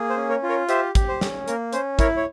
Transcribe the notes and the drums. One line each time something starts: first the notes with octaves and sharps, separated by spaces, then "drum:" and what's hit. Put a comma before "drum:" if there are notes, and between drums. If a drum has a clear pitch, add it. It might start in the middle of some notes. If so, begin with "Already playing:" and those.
Already playing: A#3 G#4
C5
C#4
A#4 C#5
F4
A#4 C#5
G4 C5 E5, drum: hi-hat
G4, drum: kick, hi-hat
C5
C#4, drum: snare
A#3 A#4, drum: hi-hat
C#4 C5, drum: hi-hat
E4 A#4 C#5, drum: kick, hi-hat
C#5